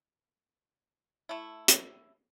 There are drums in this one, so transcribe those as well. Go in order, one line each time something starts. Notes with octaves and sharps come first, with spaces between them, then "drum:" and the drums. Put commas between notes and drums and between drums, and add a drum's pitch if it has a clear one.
A3 E4
drum: hi-hat